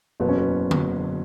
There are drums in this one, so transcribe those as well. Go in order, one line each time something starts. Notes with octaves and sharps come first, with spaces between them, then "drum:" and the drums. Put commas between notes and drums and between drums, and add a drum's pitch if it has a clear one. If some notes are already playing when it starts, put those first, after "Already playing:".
F#1 E2 B2 F#3 B3
C#4
B2 B3
drum: tom D3